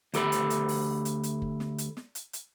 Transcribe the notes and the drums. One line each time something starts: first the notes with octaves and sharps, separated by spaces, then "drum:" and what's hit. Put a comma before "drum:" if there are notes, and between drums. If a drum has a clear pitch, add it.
D2 G4 A4 B5, drum: hi-hat
drum: hi-hat
drum: hi-hat
drum: open hi-hat
drum: hi-hat
drum: hi-hat
drum: kick F#1
drum: snare
drum: hi-hat
drum: snare
drum: hi-hat
drum: hi-hat